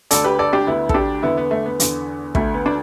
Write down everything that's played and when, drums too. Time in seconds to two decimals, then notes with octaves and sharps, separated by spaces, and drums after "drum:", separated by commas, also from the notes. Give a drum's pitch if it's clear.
0.11 D2 D3 A4 D5, drum: hi-hat
0.24 G4 B4
0.39 A4 D5
0.53 D4 G4
0.67 D2 D3 B3 E4
0.89 A4, drum: kick
0.94 D4 G4
1.22 E2 D3 B3 E4
1.37 B3
1.51 A3
1.66 B3
1.80 E2 D3, drum: hi-hat
2.35 D2 D3 A3, drum: kick
2.54 B3
2.66 D4